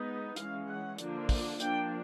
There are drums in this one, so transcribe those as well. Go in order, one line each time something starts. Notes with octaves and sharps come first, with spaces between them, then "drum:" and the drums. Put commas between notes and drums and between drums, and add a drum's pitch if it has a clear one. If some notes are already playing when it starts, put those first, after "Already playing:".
Already playing: G#3 B3 D#4
E3 G#3 C#4 F5, drum: hi-hat
F#5
D3 F3 A#3 D4, drum: hi-hat
drum: kick, open hi-hat
F3 A#3 D4 G5, drum: hi-hat